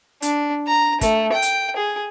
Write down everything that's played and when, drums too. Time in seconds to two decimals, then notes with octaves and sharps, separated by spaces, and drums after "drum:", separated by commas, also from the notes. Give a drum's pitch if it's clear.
0.22 D4, drum: hi-hat
0.67 A#5
1.01 A3, drum: kick, hi-hat
1.33 G5
1.42 drum: hi-hat
1.77 G#4